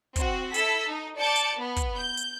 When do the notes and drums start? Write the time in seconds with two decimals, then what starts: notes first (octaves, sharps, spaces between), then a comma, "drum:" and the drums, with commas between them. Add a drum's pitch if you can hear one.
0.16 C4 F#4, drum: kick, hi-hat
0.54 E4 A4 E6 B6, drum: hi-hat
0.86 D#4
1.19 D5 A5 G6 A6 C#7 D7
1.36 drum: hi-hat
1.56 B3
1.76 drum: kick, hi-hat
1.97 G6
2.17 drum: hi-hat